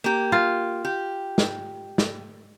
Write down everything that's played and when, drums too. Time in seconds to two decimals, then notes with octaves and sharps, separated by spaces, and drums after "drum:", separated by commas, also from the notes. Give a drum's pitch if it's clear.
0.04 A#3 G4
0.32 F4
0.85 G4
1.38 drum: snare
1.98 drum: snare